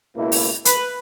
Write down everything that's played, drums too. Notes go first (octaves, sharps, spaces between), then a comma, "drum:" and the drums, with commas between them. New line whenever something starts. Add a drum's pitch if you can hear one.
C#2 B2 A#3 E4
drum: open hi-hat
B4, drum: hi-hat